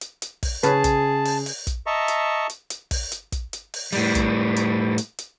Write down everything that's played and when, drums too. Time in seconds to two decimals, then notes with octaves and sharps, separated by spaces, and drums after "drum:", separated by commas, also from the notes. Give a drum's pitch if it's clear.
0.01 drum: hi-hat
0.22 drum: hi-hat
0.43 drum: kick, open hi-hat
0.63 C#3 C#4 G#4 B4 A5, drum: hi-hat
0.84 drum: kick, hi-hat
1.25 drum: open hi-hat
1.46 drum: open hi-hat
1.67 drum: kick, hi-hat
1.86 D#5 E5 A5 A#5 C#6
2.08 drum: hi-hat
2.50 drum: hi-hat
2.70 drum: hi-hat
2.91 drum: kick, open hi-hat
3.12 drum: hi-hat
3.32 drum: kick, hi-hat
3.53 drum: hi-hat
3.74 drum: open hi-hat
3.92 A2 G3, drum: open hi-hat
4.15 drum: kick, hi-hat
4.56 drum: hi-hat
4.98 drum: hi-hat
5.19 drum: hi-hat